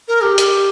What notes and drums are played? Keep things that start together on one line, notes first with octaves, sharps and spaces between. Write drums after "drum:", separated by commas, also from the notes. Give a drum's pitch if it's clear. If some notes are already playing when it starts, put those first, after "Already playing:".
A#4
G4
drum: hi-hat